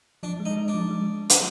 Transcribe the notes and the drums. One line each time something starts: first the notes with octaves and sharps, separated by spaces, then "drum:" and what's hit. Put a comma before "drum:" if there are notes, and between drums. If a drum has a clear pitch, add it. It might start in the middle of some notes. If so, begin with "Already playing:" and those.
F3 D4
G#3
D#4
G#3
D4
F3
G#3
drum: hi-hat